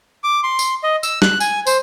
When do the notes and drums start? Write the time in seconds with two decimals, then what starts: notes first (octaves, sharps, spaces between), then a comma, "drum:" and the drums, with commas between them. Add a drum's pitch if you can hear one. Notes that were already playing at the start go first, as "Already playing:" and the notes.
0.24 D6
0.43 C6
0.59 drum: tambourine
0.83 D#5
1.03 E6, drum: tambourine
1.22 F#6, drum: snare
1.40 G#5, drum: tambourine
1.67 C5, drum: tambourine